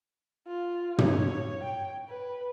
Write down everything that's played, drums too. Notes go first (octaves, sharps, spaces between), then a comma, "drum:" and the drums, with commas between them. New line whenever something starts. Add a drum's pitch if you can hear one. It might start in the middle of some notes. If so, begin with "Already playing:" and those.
F4
C#5, drum: tom
G5
B4